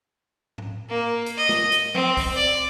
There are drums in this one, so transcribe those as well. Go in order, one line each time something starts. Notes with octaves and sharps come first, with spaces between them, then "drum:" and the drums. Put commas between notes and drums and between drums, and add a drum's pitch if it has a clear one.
drum: tom G#2
A#3
drum: hi-hat
D#5
drum: snare
drum: hi-hat
C4, drum: tom F3
drum: kick, open hi-hat
D5